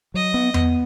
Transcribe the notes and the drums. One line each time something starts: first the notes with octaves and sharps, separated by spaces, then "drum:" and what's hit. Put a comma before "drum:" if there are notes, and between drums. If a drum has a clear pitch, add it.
F#3 D#5
B3
B3, drum: tom E2